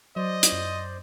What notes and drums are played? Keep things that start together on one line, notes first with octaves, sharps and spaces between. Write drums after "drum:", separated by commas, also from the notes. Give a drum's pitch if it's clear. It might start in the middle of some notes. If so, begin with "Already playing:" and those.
F#3 C5 D5 D#5
drum: hi-hat
F#2